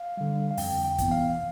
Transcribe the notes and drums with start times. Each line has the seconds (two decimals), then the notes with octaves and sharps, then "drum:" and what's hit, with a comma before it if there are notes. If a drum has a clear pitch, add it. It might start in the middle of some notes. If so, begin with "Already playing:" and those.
Already playing: F5
0.17 D3 G3
0.51 F5
0.57 F2 G5, drum: open hi-hat
0.85 G5
0.98 E3 B3, drum: kick, hi-hat
1.11 F5